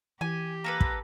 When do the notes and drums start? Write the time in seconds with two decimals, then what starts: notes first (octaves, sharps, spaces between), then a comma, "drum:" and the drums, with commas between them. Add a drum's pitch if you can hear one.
0.21 E3 G4 G#5
0.64 A#3 A4 B4 A#5
0.81 drum: kick